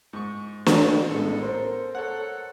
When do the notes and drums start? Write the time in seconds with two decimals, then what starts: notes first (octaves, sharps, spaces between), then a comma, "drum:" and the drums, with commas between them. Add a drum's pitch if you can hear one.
0.13 G#2 C#6
0.66 drum: snare
1.10 A1 G#3 B3 A4
1.42 A#4 C5
1.95 A4 C#5 F#5